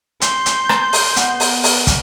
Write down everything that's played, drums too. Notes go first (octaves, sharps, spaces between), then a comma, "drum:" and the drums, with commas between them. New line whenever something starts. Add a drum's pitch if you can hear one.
C6 G6, drum: hi-hat
drum: hi-hat
drum: rim click
drum: open hi-hat
B3, drum: hi-hat
drum: open hi-hat
drum: open hi-hat
drum: kick, hi-hat